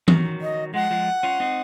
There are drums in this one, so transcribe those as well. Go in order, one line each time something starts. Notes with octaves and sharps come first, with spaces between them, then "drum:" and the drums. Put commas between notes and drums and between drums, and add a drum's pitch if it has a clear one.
D#3 F#3, drum: tom E3
D#5
F3 G#3 F#5
F3 G#3
C#4 F4
C4 D#4